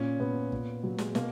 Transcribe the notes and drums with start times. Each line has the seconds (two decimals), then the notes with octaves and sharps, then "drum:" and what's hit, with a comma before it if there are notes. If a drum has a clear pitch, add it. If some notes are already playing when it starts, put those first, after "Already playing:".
Already playing: A#2 C#4
0.20 A#2 B3
0.52 A#2, drum: kick
0.83 A#2 F#3
0.98 G#3, drum: snare
1.15 B2 A#3, drum: snare